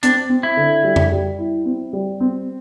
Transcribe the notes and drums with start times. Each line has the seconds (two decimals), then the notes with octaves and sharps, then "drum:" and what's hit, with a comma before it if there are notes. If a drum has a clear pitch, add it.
0.03 C4 D4, drum: hi-hat
0.30 C4
0.43 E4
0.57 D3
0.84 G3
0.96 drum: tom F2
1.12 G3
1.39 E4
1.66 C4
1.93 G3
2.20 C4